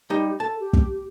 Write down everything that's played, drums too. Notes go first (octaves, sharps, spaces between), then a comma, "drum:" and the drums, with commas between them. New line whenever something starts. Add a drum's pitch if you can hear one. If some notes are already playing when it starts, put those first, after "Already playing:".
G3 D#4 G4
A4 A5
G4
drum: kick